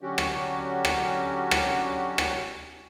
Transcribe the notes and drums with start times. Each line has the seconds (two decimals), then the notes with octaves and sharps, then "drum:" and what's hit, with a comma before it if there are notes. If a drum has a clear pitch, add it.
0.01 D3 F#3 C#4 F#4 G4
0.18 drum: rim click
0.85 drum: rim click
1.51 drum: rim click
2.18 drum: rim click